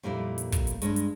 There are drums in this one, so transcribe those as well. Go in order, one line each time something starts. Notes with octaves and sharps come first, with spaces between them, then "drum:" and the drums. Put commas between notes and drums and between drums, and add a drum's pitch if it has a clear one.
F2 A#2 G3 A#3 E4
drum: hi-hat
drum: kick, hi-hat
drum: hi-hat
G2 G#3, drum: hi-hat
drum: hi-hat